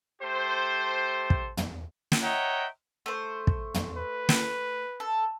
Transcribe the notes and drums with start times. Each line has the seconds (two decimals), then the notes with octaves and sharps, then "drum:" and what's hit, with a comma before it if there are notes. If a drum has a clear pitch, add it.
0.22 A3 G4 A4 C5
1.30 drum: kick
1.57 drum: tom
2.12 drum: snare
2.21 C#5 D#5 E5 F#5 G5 A#5
3.06 A3 C5
3.47 drum: kick
3.74 drum: tom
3.97 B4
4.29 drum: snare
5.00 A4